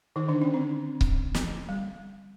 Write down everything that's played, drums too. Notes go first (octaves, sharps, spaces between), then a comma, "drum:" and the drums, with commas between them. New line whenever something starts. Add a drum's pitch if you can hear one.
D#3 D#4
D3 D4
C#4
C4
drum: kick C#1
drum: snare
G3